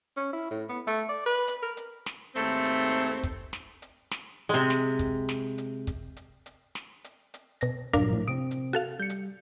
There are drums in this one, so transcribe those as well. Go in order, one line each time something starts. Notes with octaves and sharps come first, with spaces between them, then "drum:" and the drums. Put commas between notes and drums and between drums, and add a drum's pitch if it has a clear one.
C#4
E4
A2
B3
A3, drum: hi-hat
D5
B4
drum: hi-hat
A#4
drum: hi-hat
drum: snare
D#2 G#2 A3 C4, drum: hi-hat
drum: hi-hat
drum: hi-hat
drum: kick, hi-hat
drum: snare
drum: hi-hat
drum: snare
C3 G#3
drum: snare
drum: kick, hi-hat
drum: snare
drum: hi-hat
drum: kick, hi-hat
drum: hi-hat
drum: hi-hat
drum: snare
drum: hi-hat
drum: hi-hat
B2 A#6, drum: hi-hat
G2 A#2 F#3 D4 A#4 F5, drum: kick, hi-hat
A2 F3
C3 C4 D#6 D7
drum: hi-hat
F#4 A4 F5
G3 G6 C#7
drum: hi-hat